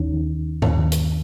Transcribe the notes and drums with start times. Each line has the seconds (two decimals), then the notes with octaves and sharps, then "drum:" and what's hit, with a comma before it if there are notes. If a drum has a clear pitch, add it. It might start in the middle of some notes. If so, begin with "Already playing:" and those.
Already playing: D#2 D#3 D#4
0.62 D#2 D#3, drum: tom G2
0.92 drum: hi-hat